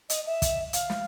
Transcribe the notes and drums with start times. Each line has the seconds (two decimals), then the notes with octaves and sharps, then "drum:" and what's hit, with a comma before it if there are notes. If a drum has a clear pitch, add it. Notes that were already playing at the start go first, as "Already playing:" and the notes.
0.10 D#5, drum: hi-hat
0.26 E5
0.42 drum: kick, hi-hat
0.73 F5, drum: hi-hat
0.90 drum: snare